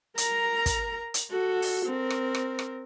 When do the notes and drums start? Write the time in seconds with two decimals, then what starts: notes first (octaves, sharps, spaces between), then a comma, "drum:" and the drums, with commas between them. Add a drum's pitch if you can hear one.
0.18 A#4 A#5, drum: hi-hat
0.66 drum: kick, hi-hat
1.14 drum: hi-hat
1.31 F#4 A4
1.62 drum: open hi-hat
1.86 C4 A#4
2.10 drum: rim click
2.35 drum: rim click
2.59 drum: rim click